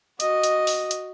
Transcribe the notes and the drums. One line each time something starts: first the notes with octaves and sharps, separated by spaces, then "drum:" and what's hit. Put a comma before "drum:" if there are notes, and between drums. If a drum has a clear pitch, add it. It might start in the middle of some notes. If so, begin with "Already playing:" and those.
F#4 D#5, drum: hi-hat
drum: hi-hat
drum: open hi-hat
drum: hi-hat